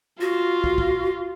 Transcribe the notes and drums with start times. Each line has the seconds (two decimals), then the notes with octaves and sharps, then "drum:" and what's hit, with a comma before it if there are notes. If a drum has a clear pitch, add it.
0.21 F4 F#4
0.64 drum: kick
0.78 drum: kick